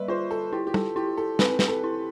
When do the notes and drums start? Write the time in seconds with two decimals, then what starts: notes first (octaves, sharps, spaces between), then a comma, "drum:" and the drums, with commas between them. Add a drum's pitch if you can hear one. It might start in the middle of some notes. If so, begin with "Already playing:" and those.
Already playing: G3 B4 D5 E5
0.08 F4 C5
0.31 A4
0.53 E4 G4
0.67 G4
0.74 A4, drum: tom
0.96 E4 G4
1.18 A4
1.39 C4 B4, drum: snare
1.59 B4, drum: snare
1.68 A4
1.84 E4